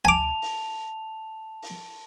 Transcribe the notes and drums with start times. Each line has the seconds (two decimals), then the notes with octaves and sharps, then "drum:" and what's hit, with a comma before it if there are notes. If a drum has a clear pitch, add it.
0.05 G#5 A5 D6 F7, drum: tom D2
0.42 drum: open hi-hat
1.62 drum: open hi-hat